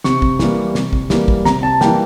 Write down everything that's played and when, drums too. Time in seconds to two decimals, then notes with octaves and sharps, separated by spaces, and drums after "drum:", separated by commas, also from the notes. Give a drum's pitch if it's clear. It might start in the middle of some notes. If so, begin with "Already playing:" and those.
0.04 C3 C#6, drum: snare
0.22 drum: kick
0.39 E3 G3 A#3, drum: snare
0.75 C3, drum: snare
0.93 drum: kick
1.10 E3 G3 A#3, drum: snare
1.28 drum: kick
1.45 C3 A#5, drum: snare
1.63 A5
1.81 E3 G3 A#3 G5, drum: snare